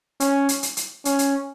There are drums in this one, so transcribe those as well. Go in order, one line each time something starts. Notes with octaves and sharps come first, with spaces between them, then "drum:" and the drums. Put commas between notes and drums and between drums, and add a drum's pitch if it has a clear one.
C#4, drum: hi-hat
drum: hi-hat
drum: hi-hat
drum: hi-hat
C#4, drum: hi-hat
drum: hi-hat